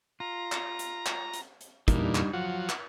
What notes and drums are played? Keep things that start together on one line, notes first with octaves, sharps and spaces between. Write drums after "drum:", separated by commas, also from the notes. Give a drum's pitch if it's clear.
F4 A#5
drum: clap
drum: hi-hat
drum: clap
drum: hi-hat
drum: hi-hat
E2 A#2 G3 D4 D#4, drum: kick, hi-hat
drum: clap
F3 F#3 F#5
drum: clap